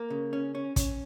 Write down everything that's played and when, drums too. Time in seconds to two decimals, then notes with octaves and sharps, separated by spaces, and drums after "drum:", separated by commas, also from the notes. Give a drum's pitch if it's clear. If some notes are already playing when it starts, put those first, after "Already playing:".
Already playing: A#3
0.10 C#3
0.33 C#4
0.55 C#4
0.76 C#4, drum: kick, hi-hat